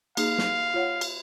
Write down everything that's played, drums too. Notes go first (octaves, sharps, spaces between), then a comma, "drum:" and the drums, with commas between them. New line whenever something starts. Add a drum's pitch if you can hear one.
A#3 D#4 G#4 F5, drum: cymbal
drum: snare
F4 C#5 F#5
drum: cymbal